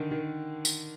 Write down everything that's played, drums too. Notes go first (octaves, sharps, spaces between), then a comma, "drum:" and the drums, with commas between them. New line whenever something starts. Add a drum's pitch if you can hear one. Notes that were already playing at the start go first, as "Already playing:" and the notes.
Already playing: D3 D#3
D#3
drum: tambourine